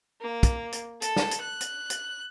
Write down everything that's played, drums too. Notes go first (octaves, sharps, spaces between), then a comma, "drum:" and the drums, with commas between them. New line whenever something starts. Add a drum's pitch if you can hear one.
A#3
drum: kick, hi-hat
drum: hi-hat
A4, drum: hi-hat
drum: snare
drum: hi-hat
F#6
drum: hi-hat
drum: hi-hat